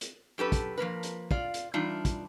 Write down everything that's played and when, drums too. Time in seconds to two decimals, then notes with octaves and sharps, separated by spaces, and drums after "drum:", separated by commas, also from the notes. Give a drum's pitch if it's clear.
0.01 drum: hi-hat
0.38 F#2 G4 A4 B4
0.52 drum: kick, hi-hat
0.78 F3 A#3 A#4 B4
1.03 drum: hi-hat
1.31 F4 D5 F5, drum: kick
1.54 drum: hi-hat
1.74 E3 G3 D4 D#4 F4
2.05 drum: kick, hi-hat